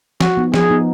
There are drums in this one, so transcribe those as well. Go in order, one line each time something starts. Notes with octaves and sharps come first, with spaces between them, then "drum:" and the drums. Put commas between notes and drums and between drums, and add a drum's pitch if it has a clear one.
F3 F#4, drum: snare
B3 D#4
F3 G#4, drum: snare
B3 D#4